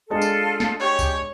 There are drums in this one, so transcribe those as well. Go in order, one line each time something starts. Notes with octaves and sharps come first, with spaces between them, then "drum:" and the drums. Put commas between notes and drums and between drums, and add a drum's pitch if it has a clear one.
G#3 D4 F4 A4 D#5
drum: tambourine
drum: snare
G4 C#5
drum: kick C2, tambourine